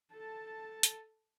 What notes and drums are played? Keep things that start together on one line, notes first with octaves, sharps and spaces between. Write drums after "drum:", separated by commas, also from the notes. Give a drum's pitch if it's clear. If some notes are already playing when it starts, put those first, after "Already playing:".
A4 A5
drum: hi-hat